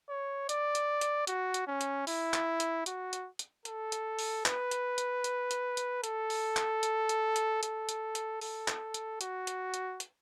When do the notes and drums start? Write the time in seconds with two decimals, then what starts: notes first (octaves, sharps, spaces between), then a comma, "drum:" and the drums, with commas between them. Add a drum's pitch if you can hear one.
0.09 C#5
0.49 D5, drum: hi-hat
0.75 drum: hi-hat
1.01 drum: hi-hat
1.27 F#4, drum: hi-hat
1.54 drum: hi-hat
1.67 C#4
1.81 drum: hi-hat
2.07 E4, drum: open hi-hat
2.34 drum: clap
2.60 drum: hi-hat
2.86 F#4, drum: hi-hat
3.13 drum: hi-hat
3.39 drum: hi-hat
3.65 A4, drum: hi-hat
3.92 drum: hi-hat
4.19 drum: open hi-hat
4.46 B4, drum: clap
4.71 drum: hi-hat
4.98 drum: hi-hat
5.24 drum: hi-hat
5.51 drum: hi-hat
5.77 drum: hi-hat
6.04 A4, drum: hi-hat
6.30 drum: open hi-hat
6.56 drum: clap
6.83 drum: hi-hat
7.09 drum: hi-hat
7.36 drum: hi-hat
7.63 A4, drum: hi-hat
7.89 drum: hi-hat
8.15 drum: hi-hat
8.41 A4, drum: open hi-hat
8.68 drum: clap
8.94 drum: hi-hat
9.21 F#4, drum: hi-hat
9.47 drum: hi-hat
9.74 drum: hi-hat
10.00 drum: hi-hat